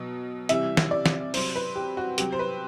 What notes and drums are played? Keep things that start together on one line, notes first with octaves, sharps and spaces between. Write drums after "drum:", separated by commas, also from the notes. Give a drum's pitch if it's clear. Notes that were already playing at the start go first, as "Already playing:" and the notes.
Already playing: B2 F#3
C3 E3 G3 E5, drum: hi-hat
drum: snare
D5
drum: snare
C3 F#3 C5, drum: open hi-hat
B4
G4
F#4
C3 F#3 G4, drum: hi-hat
C5
B4